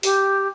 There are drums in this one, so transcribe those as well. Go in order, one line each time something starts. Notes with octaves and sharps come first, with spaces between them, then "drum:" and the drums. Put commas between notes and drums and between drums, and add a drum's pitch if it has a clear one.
G4, drum: open hi-hat